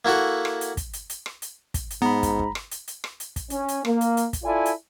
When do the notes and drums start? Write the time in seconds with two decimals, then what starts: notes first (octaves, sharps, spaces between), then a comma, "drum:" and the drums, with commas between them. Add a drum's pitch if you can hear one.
0.05 A#3 E4 F#4 A4 F#5
0.45 drum: rim click
0.61 drum: hi-hat
0.77 drum: kick, hi-hat
0.93 drum: hi-hat
1.10 drum: hi-hat
1.26 drum: rim click
1.42 drum: hi-hat
1.74 drum: kick, hi-hat
1.90 drum: hi-hat
2.02 G#2 B3 A#5 B5
2.23 drum: kick, hi-hat
2.39 drum: kick
2.55 drum: rim click
2.71 drum: hi-hat
2.88 drum: hi-hat
3.04 drum: rim click
3.20 drum: hi-hat
3.36 drum: kick, hi-hat
3.50 C#4, drum: hi-hat
3.68 drum: hi-hat
3.85 A#3, drum: rim click
4.01 drum: hi-hat
4.17 drum: hi-hat
4.33 drum: kick, hi-hat
4.43 E4 F4 A4 D5 G#5
4.66 drum: hi-hat